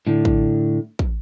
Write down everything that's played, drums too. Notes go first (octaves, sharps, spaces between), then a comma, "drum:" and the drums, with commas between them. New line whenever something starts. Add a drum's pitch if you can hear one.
A2 D3
drum: kick
drum: kick